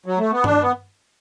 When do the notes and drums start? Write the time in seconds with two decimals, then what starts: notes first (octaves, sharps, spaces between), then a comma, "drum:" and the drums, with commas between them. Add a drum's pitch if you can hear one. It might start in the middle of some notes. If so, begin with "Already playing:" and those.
0.06 F#3
0.18 A3
0.31 B3
0.44 D4, drum: tom G2
0.62 B3